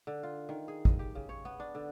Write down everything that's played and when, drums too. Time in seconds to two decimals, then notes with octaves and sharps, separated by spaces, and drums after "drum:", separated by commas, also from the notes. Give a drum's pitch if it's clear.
0.07 D3
0.23 F4
0.49 D#3
0.68 G#4
0.85 D#5, drum: kick A1
0.99 G4
1.15 C#3
1.29 C#5
1.45 B3
1.60 D4
1.75 D3